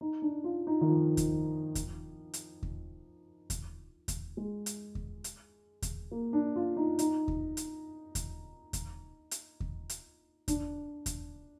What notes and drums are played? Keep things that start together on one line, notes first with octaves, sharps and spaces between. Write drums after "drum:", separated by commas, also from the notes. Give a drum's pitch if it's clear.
D#4
D4
F4
D#4
D#3
F3
drum: kick D#2, hi-hat
drum: kick D#2, hi-hat
drum: hi-hat
drum: kick D#2
drum: kick D#2, hi-hat
drum: kick D#2, hi-hat
G#3
drum: hi-hat
drum: kick D#2
drum: hi-hat
drum: kick D#2, hi-hat
A#3
D4
F4
D#4
D#4, drum: hi-hat
drum: kick D#2
drum: hi-hat
drum: kick D#2, hi-hat
drum: kick D#2, hi-hat
drum: hi-hat
drum: kick D#2
drum: hi-hat
D4, drum: kick D#2, hi-hat
drum: kick D#2, hi-hat